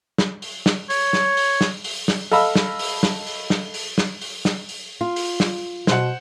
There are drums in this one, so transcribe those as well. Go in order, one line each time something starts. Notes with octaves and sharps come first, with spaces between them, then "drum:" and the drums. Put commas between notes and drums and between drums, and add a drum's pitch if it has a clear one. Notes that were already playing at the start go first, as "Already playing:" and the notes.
drum: snare
drum: open hi-hat
drum: snare
C#5, drum: open hi-hat
drum: snare
drum: open hi-hat
drum: snare
drum: open hi-hat
drum: snare
A4 D#5 F5 B5 E6, drum: open hi-hat
drum: snare
drum: open hi-hat
drum: snare
drum: open hi-hat
drum: snare
drum: open hi-hat
drum: snare
drum: open hi-hat
drum: snare
drum: open hi-hat
F4
drum: open hi-hat
drum: snare
B2 C5 F#5, drum: snare